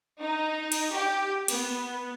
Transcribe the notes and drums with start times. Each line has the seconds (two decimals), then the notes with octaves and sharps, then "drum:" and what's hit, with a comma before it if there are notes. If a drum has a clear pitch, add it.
0.20 D#4
0.72 drum: cymbal
0.92 G4
1.48 B3, drum: cymbal